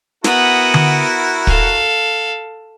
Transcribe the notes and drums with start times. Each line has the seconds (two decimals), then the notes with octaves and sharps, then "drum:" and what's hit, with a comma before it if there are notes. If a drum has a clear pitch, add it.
0.24 B3 E4 F#4 A#4 D#6, drum: snare
0.74 drum: tom D3
1.47 A4 F5, drum: kick